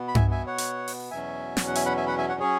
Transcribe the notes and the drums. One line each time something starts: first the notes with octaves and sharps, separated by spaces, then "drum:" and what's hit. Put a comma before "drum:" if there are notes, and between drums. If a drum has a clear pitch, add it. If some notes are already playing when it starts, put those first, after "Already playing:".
Already playing: B2 B3
B5
E5 G#5, drum: tom G2
E5 G#5
C#5 F#5
drum: hi-hat
drum: open hi-hat
E2 B2 F#3 C#4 E5 G#5
drum: snare
F#5
E5 G#5, drum: hi-hat
F#5 B5
E5 G#5
F#5 B5
E5 G#5
C#5 F#5
F#3 C#4 G#4 C#5